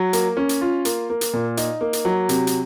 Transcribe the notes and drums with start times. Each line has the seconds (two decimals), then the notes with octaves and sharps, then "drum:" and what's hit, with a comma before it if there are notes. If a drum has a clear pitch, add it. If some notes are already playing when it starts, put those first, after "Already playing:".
Already playing: F#3
0.13 A#3, drum: hi-hat
0.37 C#4
0.49 drum: hi-hat
0.61 F4
0.85 A#3, drum: hi-hat
1.10 A#3
1.21 drum: hi-hat
1.33 A#2
1.57 D#4, drum: hi-hat
1.81 A#3
1.93 drum: hi-hat
2.05 F#3
2.29 C3, drum: hi-hat
2.47 drum: hi-hat